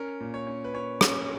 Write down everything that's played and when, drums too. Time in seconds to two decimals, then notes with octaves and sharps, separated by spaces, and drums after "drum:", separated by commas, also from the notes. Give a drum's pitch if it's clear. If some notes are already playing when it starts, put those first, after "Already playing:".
Already playing: C#4 A#4
0.20 A#2
0.34 C#5
0.47 C#4
0.64 B4
0.74 C#4 C#5
1.01 C#4, drum: rim click